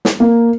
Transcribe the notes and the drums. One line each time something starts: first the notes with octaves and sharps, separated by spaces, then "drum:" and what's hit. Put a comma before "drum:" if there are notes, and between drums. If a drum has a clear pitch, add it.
drum: snare
A#3